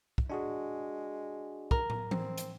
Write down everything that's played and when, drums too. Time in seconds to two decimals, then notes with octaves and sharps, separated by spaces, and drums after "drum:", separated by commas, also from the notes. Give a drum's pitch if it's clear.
0.18 drum: kick
0.30 G#3 D4 F#4 G#4
1.71 A#4, drum: kick
1.90 drum: tom
2.11 C4, drum: tom E3
2.38 drum: hi-hat